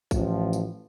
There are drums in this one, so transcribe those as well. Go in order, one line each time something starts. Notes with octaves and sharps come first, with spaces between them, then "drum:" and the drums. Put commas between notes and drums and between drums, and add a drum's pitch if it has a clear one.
A1 A2 F3, drum: kick, tambourine
drum: tambourine